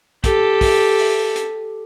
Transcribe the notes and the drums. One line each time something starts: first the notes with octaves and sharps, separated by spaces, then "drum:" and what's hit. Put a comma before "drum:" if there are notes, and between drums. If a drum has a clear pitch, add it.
G4 A4, drum: kick, hi-hat
drum: kick, open hi-hat
drum: open hi-hat
drum: hi-hat